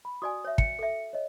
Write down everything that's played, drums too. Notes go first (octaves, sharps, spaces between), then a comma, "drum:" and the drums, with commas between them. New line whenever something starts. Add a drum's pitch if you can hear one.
B5
F#4 D5 G#5 D#6
C#5 E5
C#7, drum: kick
A4 E5
C#5 D#5